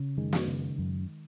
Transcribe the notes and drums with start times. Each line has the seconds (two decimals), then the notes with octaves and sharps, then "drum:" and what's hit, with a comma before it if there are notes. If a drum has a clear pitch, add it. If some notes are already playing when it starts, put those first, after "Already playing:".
Already playing: C#3
0.17 F#2 D#3 G#3
0.33 drum: snare
0.48 C#3
0.78 F#2